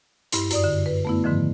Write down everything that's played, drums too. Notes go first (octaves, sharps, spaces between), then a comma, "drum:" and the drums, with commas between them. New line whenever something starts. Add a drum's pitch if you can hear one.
G2 E4 C6, drum: hi-hat
F#2 D5 D#6, drum: hi-hat
D3
B4
A3 B3 E4
G#2 D3 D#3 F3